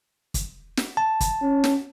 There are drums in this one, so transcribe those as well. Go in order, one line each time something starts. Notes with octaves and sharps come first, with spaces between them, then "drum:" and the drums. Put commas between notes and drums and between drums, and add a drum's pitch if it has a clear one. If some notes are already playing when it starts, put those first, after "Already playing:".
drum: kick, hi-hat
drum: snare
A5
drum: kick, hi-hat
C#4
drum: snare